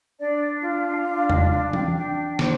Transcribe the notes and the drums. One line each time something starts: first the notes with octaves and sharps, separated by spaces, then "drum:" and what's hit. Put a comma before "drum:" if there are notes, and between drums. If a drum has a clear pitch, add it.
D4 D5
F4
D4
D#5, drum: tom E2
D4 F5
G#5
G5, drum: tom E3
D4 G5
C5, drum: snare